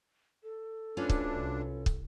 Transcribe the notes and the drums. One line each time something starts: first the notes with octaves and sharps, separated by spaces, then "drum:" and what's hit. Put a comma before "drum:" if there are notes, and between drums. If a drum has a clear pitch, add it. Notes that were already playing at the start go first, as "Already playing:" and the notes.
A4
D2 C#4 D4 F4 B4
drum: kick
C2
drum: kick